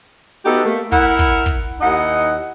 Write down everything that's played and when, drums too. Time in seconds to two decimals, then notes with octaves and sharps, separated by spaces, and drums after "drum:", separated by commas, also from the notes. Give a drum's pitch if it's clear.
0.45 A3 B3 D#4 F#4 G4 A4
0.65 A3 A#3
0.92 E4 A#4 F#5, drum: kick
1.19 drum: kick
1.46 drum: kick
1.81 D#2 D#4 E4 D#5 F#5